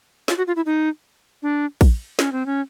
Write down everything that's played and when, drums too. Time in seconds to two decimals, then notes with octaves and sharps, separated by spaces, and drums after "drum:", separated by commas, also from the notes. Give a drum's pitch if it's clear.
0.28 F4, drum: snare
0.37 F#4
0.47 F4
0.56 E4
0.66 D#4
1.43 D4
1.81 drum: kick, cymbal
2.19 C#4, drum: snare
2.32 C4
2.46 C#4